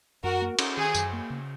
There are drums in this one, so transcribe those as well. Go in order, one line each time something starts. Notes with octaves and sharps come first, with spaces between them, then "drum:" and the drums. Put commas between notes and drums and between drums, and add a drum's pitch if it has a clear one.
F#2 F#4 A#4
A#3
C#4, drum: cymbal
D#3 G#4
F#2, drum: tambourine
A#3
C#3